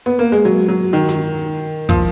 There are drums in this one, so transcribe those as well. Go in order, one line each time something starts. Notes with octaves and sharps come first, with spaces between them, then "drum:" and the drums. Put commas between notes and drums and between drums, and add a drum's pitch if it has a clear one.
B3
A#3
G#3
F#3
F#3
D#3
drum: snare
F3, drum: kick